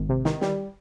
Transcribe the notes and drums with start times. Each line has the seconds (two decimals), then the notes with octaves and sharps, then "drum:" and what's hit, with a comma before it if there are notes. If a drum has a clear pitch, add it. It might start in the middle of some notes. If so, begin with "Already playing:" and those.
Already playing: G#1
0.09 C3
0.25 D#3, drum: snare
0.41 G3, drum: snare